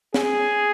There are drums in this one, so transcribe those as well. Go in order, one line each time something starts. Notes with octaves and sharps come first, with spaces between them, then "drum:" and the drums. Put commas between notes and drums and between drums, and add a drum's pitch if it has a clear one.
G#4, drum: snare